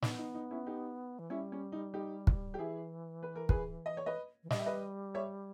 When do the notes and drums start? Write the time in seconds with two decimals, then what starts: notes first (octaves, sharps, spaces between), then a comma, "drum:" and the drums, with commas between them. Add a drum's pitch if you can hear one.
0.02 B3 D#4, drum: snare
0.18 D#4
0.35 D#4
0.51 C#4 E4
0.67 D#4 G4
1.19 E3
1.30 G3 C#4 E4
1.52 C#4
1.72 D#4
1.94 D#4 G4
2.27 drum: kick
2.54 G4
2.58 E3 E4 G#4
3.23 B4
3.36 A#4
3.49 G#4 B4, drum: kick
3.86 D#5
3.97 C#5
4.06 B4 D#5
4.43 E3
4.50 G3 D#5, drum: snare
4.59 E5
4.66 B4 D#5
5.15 C#5 E5